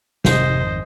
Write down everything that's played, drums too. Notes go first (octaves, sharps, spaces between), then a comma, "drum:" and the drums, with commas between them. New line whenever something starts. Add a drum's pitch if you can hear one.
G#1 F2 C3 D#3 C5 D#5, drum: snare